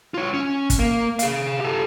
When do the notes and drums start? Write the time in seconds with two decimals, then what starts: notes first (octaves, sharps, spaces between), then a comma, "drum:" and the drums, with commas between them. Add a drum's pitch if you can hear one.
0.14 F4 C#5
0.34 C#4
0.70 drum: kick, hi-hat
0.79 A#3
1.19 G#4 F5, drum: hi-hat
1.61 G4 A4